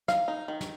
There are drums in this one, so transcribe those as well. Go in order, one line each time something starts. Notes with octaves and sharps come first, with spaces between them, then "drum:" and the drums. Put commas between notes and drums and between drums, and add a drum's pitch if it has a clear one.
D#4 F5, drum: snare
D#4
D#3
drum: snare